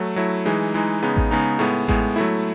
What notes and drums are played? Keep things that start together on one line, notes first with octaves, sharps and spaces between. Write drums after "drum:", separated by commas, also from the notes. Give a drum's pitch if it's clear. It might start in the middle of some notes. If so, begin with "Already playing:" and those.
Already playing: F#3 A3
F#3 A3 E4
E3 G#3 D#4
E3 G#3 D#4
C#3 G#3 B3 D#4
drum: kick A1
C#3 G#3 B3 D#4
A2 G#3 B3
A2 G#3 B3, drum: kick A1
F#3 A3 E4